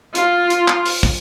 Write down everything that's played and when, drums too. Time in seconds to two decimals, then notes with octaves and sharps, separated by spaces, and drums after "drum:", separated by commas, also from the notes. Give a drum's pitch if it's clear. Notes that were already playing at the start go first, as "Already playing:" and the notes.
0.15 F4, drum: hi-hat
0.50 drum: hi-hat
0.68 drum: clap
0.85 drum: open hi-hat
1.03 drum: kick